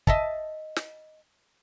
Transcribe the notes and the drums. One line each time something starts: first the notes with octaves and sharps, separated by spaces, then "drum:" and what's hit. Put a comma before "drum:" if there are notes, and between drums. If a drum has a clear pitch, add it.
D#5 E5 A5, drum: kick
drum: snare